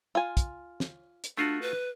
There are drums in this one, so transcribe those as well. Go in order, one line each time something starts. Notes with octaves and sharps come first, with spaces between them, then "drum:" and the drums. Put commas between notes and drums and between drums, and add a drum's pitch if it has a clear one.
F4 G#5
drum: kick, hi-hat
drum: snare
drum: hi-hat
A3 D4 F4 F#4
B4